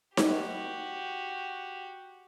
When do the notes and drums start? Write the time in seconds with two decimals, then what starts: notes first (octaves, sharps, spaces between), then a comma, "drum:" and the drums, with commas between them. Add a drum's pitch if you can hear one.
0.17 F#4 G4, drum: snare D#4